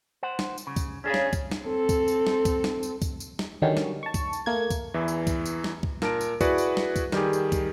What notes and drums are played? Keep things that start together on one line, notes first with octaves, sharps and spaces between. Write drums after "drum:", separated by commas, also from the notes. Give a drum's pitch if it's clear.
C5 F#5
drum: snare
drum: tambourine
C#3
drum: kick, tambourine
C#3 C#4 D4 G#4
drum: snare
drum: kick, tambourine
drum: snare
C4 A4
drum: kick, tambourine
drum: tambourine
drum: snare
drum: kick, tambourine
drum: snare
drum: tambourine
drum: kick, tambourine
drum: tambourine
drum: snare
D3 D#3 F#3 G3 C#4
drum: snare
A5 C#6
drum: kick, tambourine
drum: tambourine
A3 A#3 G#6
drum: kick, tambourine
E2 E3 E4
drum: tambourine
drum: kick, tambourine
drum: tambourine
drum: snare
drum: kick
A#2 A#4 A5 A#6 D7, drum: snare
drum: tambourine
E4 F#4 G#4 B4 D5 F#5, drum: kick, tambourine
drum: tambourine
drum: snare
drum: kick, tambourine
D#3 G3 G4 G#4, drum: snare
drum: tambourine
drum: kick, tambourine